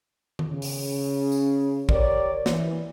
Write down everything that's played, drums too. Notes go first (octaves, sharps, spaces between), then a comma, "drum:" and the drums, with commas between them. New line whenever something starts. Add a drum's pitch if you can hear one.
drum: tom D#3
C#3
drum: open hi-hat
drum: tambourine
G4 A#4 C#5 D5, drum: kick
E3, drum: snare